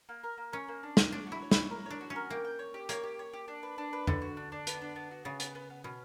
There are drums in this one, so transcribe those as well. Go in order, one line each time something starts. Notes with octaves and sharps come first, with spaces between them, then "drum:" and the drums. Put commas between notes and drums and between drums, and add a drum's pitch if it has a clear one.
A#3
A#4
A#3
C#4 A#4
A#3
D4
A#3, drum: snare
D4 C#5
E4 F#4
C#5
E4, drum: snare
C#5
A#4
D4 C#5
F#4
C#4
A#4
A#3 G5
G5
C#5
G4
A#3 C#5, drum: hi-hat
G4
C#5
G4
D4
B4
D4
B4
D3 D4, drum: tom F2
F#4
D4
D4
B3, drum: hi-hat
D4
B3
F#4
C#3 B3
B3, drum: hi-hat
B3
B3
B2 C#4